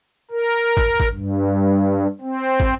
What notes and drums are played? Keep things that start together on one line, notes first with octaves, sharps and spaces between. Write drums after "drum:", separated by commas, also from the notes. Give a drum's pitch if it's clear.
A#4
drum: kick
drum: kick
G2
C4
drum: kick